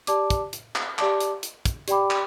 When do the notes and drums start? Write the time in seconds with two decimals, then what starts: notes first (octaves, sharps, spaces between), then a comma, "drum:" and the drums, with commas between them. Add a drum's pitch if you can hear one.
0.07 G4 D5 A5 D6, drum: hi-hat
0.30 drum: kick, hi-hat
0.53 drum: hi-hat
0.75 drum: clap
0.98 G4 D5 A5 D6, drum: clap
1.20 drum: hi-hat
1.43 drum: hi-hat
1.65 drum: kick, hi-hat
1.88 G4 D5 G5 B5 D6, drum: hi-hat
2.10 drum: clap